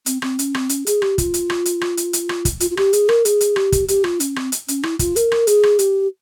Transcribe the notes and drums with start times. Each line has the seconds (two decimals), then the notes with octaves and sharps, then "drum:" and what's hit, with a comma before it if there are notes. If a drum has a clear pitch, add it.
0.06 C4, drum: hi-hat
0.22 C4, drum: rim click
0.39 C#4, drum: hi-hat
0.54 C4, drum: rim click
0.69 C#4, drum: hi-hat
0.87 G#4, drum: hi-hat
1.02 G4, drum: rim click
1.18 F4, drum: kick, hi-hat
1.34 drum: hi-hat
1.50 drum: rim click
1.65 drum: hi-hat
1.81 drum: rim click
1.97 drum: hi-hat
2.13 drum: hi-hat
2.29 drum: rim click
2.45 drum: kick, hi-hat
2.60 F4, drum: hi-hat
2.70 F4
2.77 G4, drum: rim click
2.93 G#4, drum: hi-hat
3.09 A#4, drum: rim click
3.25 G#4, drum: hi-hat
3.41 drum: hi-hat
3.56 G4, drum: rim click
3.72 drum: kick, hi-hat
3.88 G4, drum: hi-hat
4.04 F4, drum: rim click
4.20 C#4, drum: hi-hat
4.36 C4, drum: rim click
4.52 drum: hi-hat
4.68 C#4, drum: hi-hat
4.83 E4, drum: rim click
4.99 F4, drum: kick, hi-hat
5.16 A#4, drum: hi-hat
5.32 drum: rim click
5.47 G#4, drum: hi-hat
5.63 drum: rim click
5.79 G4, drum: hi-hat